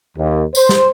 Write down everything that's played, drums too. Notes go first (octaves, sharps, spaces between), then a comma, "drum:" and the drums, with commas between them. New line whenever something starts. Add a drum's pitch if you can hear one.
D#2
C5, drum: tambourine
drum: snare